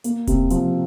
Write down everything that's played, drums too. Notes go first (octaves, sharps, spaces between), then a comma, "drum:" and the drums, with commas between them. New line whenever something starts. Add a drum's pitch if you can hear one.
A#3, drum: hi-hat
C3, drum: kick D#1, hi-hat
F3, drum: hi-hat